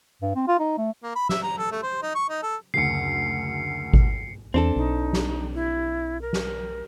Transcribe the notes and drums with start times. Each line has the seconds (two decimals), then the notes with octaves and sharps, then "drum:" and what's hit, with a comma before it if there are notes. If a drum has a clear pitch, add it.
0.22 G2
0.35 C4
0.48 F4
0.59 D#4
0.78 A3
1.03 A#3
1.15 B5
1.29 E5, drum: snare
1.43 A#5
1.58 A4
1.72 A3
1.83 C5
2.02 D#4
2.15 C#6
2.29 D#4
2.43 A4
2.74 F#1 D2 C7 C#7
3.93 drum: kick G#1
4.54 E2 C4 D4 A4
4.76 B1 D#4
5.13 drum: snare
5.54 E4
6.22 A#4
6.33 drum: snare